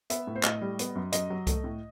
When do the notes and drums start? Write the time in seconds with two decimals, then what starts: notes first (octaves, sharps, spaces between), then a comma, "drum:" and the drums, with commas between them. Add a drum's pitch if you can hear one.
0.10 B3 E5, drum: hi-hat
0.27 A2
0.35 C5
0.43 A2 D#5, drum: clap
0.62 G3
0.79 B3, drum: hi-hat
0.95 F#2
1.12 F#2 D#5, drum: hi-hat
1.30 F#3
1.47 A3, drum: kick C2, hi-hat
1.64 A2